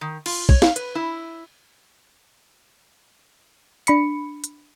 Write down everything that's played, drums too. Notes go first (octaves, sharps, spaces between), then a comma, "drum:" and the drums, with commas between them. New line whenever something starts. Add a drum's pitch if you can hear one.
D#3
F4, drum: cymbal
C#5, drum: kick
F5, drum: snare
B4, drum: hi-hat
E4
D4 B5 C#7, drum: hi-hat
drum: hi-hat